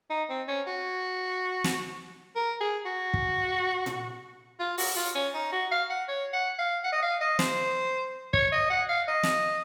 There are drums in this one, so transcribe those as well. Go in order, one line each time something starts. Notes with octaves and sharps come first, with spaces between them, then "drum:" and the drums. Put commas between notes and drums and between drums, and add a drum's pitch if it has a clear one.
D#4
C4
C#4
F#4
drum: snare
A#4
G#4
F#4
drum: kick
drum: tom A#2
F4
F#4, drum: open hi-hat
F4
C#4
D#4
F#4
F5
F#5
C#5
F#5
F5
F#5
D#5
F5
D#5
C5, drum: snare
C#5, drum: kick
D#5
F#5
F5
D#5
drum: snare